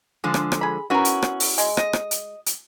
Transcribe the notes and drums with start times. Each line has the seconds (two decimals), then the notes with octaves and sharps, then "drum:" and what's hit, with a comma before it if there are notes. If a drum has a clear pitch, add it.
0.24 D3 F3 G#3
0.34 drum: rim click
0.52 drum: rim click
0.61 G#4 B5
0.90 B3 C#4 E4 F#4 A#4
1.05 drum: hi-hat
1.22 drum: rim click
1.40 drum: open hi-hat
1.58 G#3, drum: hi-hat
1.77 D#5, drum: rim click
1.93 drum: rim click
2.11 drum: hi-hat
2.46 drum: hi-hat